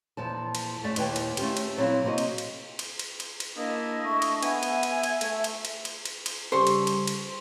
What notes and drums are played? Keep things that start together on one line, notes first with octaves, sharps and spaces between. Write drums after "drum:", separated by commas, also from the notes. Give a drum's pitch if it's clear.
E2 A#2 F3 A5
drum: cymbal
F#2 A3 D5 E5
D#2 A#2 D#3 E4 B4 G5, drum: cymbal
drum: cymbal
A3 C#4 F4 G4, drum: cymbal
drum: cymbal
A#2 F#3 G3 C4 E4 F5
C3 A#3 C4 F#4 C5 D#5
drum: cymbal
drum: cymbal
drum: cymbal
drum: cymbal
drum: cymbal
drum: cymbal
A#3 D4 E4 D#5
A3 C#6
drum: cymbal
B3 E5 G#5, drum: cymbal
drum: cymbal
drum: cymbal
drum: cymbal
A3, drum: cymbal
drum: cymbal
drum: cymbal
drum: cymbal
drum: cymbal
drum: cymbal
C#3 G3 A4 C5 C#6
drum: cymbal
drum: cymbal
drum: cymbal